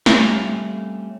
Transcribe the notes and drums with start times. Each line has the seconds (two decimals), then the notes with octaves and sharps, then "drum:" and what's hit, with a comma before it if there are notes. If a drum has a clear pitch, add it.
0.06 G3 A3 C4 C#4 F4, drum: snare